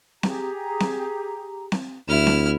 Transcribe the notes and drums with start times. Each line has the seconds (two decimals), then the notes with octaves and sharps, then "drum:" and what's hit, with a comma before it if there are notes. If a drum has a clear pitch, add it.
0.23 G4 G#4 A#5, drum: snare C4
0.80 drum: snare C4
1.72 drum: snare C4
2.08 D2 E4 F6
2.27 drum: snare C4